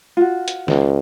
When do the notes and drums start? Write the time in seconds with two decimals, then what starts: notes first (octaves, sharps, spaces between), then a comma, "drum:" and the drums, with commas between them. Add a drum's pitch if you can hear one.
0.17 F4 F#4
0.48 drum: hi-hat
0.68 C#2, drum: snare